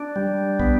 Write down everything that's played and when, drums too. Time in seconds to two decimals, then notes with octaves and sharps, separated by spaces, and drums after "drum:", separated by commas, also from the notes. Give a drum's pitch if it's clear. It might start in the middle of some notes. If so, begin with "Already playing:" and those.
Already playing: D4
0.16 G3
0.60 B3, drum: kick